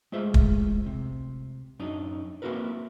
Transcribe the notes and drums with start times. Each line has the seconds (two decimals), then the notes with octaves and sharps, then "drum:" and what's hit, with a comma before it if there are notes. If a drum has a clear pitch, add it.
0.12 G#3 A3 F4 C5 E5
0.34 drum: kick
0.86 C3
1.79 F#2 D4 D#4
2.42 A#3 C4 E4 F#4 A#4 B4